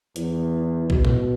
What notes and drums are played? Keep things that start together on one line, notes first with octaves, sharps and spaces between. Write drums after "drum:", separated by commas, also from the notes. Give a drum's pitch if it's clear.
E2, drum: hi-hat
B2, drum: kick A#1
drum: tom A#2